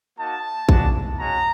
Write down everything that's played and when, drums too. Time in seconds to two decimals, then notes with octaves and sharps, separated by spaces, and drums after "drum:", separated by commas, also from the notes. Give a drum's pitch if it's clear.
0.18 A#3 D#4 F#4 A5
0.69 G#3 B3 D4 F#4, drum: kick A#1
1.18 G#3 C#4 F#4 A#5